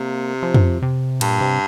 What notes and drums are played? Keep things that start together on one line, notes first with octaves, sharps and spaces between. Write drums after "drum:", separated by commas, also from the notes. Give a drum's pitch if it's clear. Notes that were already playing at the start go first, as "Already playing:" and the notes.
Already playing: C3 A#3
F3
drum: tom F2
C3
G2 A#2, drum: cymbal
C3